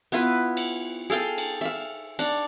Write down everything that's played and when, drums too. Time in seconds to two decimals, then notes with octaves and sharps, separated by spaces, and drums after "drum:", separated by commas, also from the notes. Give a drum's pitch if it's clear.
0.12 B3 E4 F4 B4
0.57 drum: cymbal
1.10 G#4 A4 F5 G5
1.38 drum: cymbal
1.61 E5 F5
2.19 D4, drum: cymbal